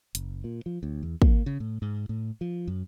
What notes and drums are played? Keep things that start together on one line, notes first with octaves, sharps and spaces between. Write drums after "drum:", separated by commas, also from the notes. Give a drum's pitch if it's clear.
F#1, drum: hi-hat
A#2
F3
D2
E2
A#3, drum: kick
C#3
A2
G#2
A2
F3
F#2